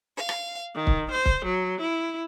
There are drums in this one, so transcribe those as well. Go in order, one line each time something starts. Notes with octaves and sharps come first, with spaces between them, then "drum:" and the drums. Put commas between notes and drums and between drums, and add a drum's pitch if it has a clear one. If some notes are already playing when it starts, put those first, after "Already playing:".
F5
drum: rim click
D#3
drum: kick
C5
drum: kick
F#3
E4